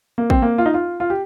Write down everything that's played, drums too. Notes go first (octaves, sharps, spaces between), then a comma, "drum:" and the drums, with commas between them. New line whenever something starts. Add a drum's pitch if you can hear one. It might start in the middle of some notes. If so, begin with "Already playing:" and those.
A#3
C4, drum: kick
A#3
F4
D#4
F4
F4
G4